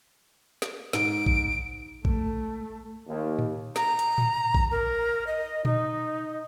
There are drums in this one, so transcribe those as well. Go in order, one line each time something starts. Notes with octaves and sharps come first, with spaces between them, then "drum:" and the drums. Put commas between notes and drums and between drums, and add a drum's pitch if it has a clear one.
drum: snare
G#2 D7, drum: snare
drum: kick
A3, drum: kick
D#2
drum: tom A2
A#5, drum: snare
drum: hi-hat
drum: tom A2
drum: kick
A#4
D#5
D#4, drum: tom A#2